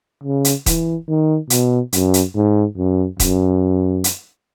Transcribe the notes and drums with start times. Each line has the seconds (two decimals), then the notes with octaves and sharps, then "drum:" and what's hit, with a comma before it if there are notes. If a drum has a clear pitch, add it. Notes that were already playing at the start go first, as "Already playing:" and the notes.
0.24 C#3
0.45 drum: hi-hat
0.66 E3, drum: kick D#1, hi-hat
1.09 D#3
1.50 B2, drum: hi-hat
1.93 F#2, drum: hi-hat
2.14 drum: hi-hat
2.35 G#2
2.77 F#2
3.20 F#2, drum: kick D#1, hi-hat
4.04 drum: hi-hat